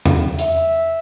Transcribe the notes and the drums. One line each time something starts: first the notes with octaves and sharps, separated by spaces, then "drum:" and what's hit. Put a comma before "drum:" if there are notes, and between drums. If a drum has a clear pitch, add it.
drum: tom E2
E5, drum: hi-hat